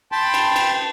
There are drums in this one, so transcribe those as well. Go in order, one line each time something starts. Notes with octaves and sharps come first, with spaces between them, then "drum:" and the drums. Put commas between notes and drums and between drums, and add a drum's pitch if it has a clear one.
G5 A5 B5 C6
drum: cymbal
drum: cymbal